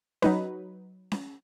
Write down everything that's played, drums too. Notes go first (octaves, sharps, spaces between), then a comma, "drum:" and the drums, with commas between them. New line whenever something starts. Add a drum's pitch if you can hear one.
F#3 D#4 B4, drum: snare C#4
drum: snare C#4